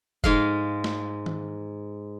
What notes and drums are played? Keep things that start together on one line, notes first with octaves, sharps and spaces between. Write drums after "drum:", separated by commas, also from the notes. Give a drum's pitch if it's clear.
G#2 G#3 F5, drum: kick F1
drum: snare
drum: tom D#3